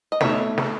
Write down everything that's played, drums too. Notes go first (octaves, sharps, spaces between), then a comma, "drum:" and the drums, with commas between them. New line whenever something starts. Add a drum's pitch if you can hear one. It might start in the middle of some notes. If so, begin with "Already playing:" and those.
D#5
B2 A3 D#4 C#5 E5, drum: snare
drum: snare